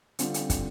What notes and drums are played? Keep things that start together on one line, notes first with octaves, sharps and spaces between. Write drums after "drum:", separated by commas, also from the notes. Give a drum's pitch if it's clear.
D3 G3 C4 F4, drum: hi-hat
drum: hi-hat
drum: kick, hi-hat